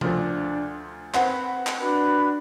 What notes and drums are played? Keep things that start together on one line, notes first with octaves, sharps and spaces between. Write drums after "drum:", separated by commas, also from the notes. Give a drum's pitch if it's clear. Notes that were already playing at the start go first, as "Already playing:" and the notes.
D2 F3 D4, drum: tom C3
C4 B4 F#5, drum: clap
drum: clap
D4 F#4 B4 B5